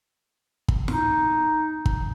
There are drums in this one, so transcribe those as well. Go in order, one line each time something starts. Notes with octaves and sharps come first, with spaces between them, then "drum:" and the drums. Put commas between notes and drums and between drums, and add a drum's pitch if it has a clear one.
drum: kick
D#4, drum: snare
drum: kick